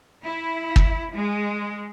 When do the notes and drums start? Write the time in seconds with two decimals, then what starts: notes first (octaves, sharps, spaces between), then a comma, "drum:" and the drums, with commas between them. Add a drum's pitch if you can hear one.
0.24 E4
0.76 drum: kick
1.14 G#3